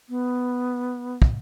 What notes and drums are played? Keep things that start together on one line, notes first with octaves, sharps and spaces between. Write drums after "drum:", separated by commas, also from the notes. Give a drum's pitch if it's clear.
B3
drum: kick